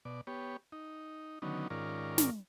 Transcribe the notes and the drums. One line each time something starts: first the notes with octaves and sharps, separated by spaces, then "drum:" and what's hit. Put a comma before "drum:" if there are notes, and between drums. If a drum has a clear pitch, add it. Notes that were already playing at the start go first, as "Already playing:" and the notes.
B2 D5
B3 G4 C#5
D#4
D3 D#3 F#3 B3 C#4 D#4
G#2 D#3 C#4 F4 A#4 D5
drum: snare